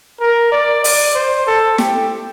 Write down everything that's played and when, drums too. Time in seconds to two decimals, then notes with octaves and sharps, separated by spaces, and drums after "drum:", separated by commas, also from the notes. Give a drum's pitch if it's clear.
0.21 A#4
0.52 D5
0.84 D5, drum: open hi-hat
1.15 C5
1.47 A4
1.78 G4, drum: snare